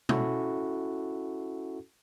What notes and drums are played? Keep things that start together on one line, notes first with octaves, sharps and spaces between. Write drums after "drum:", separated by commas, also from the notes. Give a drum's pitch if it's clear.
C#4 E4 F#4 A4, drum: tom B2